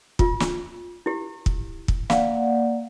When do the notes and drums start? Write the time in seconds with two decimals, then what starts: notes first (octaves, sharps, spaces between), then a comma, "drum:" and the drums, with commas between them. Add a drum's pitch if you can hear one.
0.19 F4, drum: kick
0.40 drum: snare
1.06 E4 G4
1.46 drum: kick
1.88 drum: kick
2.10 A#3 D5 F5 F#5, drum: snare